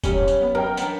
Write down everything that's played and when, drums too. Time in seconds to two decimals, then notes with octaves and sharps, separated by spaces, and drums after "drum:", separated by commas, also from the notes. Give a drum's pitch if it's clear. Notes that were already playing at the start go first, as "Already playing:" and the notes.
0.04 F#2 G3 C#4, drum: kick E1, tambourine
0.28 drum: tambourine
0.42 B3
0.55 F#2 A#4 G5
0.77 B3 D4, drum: tambourine